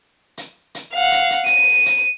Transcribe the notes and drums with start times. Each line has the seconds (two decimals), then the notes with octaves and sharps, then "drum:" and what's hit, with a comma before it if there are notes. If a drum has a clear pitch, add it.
0.37 drum: hi-hat
0.75 drum: hi-hat
0.93 F5 F#5
1.12 drum: hi-hat
1.30 drum: hi-hat
1.46 D#7, drum: hi-hat
1.86 drum: hi-hat